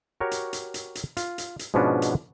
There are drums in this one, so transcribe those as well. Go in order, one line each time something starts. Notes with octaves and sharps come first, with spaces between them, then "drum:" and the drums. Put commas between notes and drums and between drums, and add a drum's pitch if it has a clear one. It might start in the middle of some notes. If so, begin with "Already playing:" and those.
F#4 G4 A#4 C#5
drum: hi-hat
drum: hi-hat
drum: hi-hat
drum: hi-hat
F4, drum: hi-hat
drum: hi-hat
drum: hi-hat
G#2 B2 F3 B3 C#4 D4
drum: hi-hat